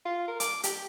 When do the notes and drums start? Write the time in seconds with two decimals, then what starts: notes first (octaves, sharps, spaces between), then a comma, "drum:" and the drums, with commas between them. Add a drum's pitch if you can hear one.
0.05 F4
0.28 A#4
0.40 D6, drum: hi-hat
0.63 G4, drum: hi-hat